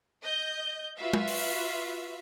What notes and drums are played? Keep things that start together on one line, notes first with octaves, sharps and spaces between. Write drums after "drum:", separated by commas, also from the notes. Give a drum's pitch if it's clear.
D#5 G6
F4 F#4 B4 E5 F5
drum: tom G#3
drum: open hi-hat